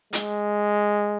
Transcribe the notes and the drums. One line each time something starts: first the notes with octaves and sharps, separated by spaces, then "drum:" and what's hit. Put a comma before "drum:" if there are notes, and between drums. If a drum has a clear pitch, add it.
G#3, drum: hi-hat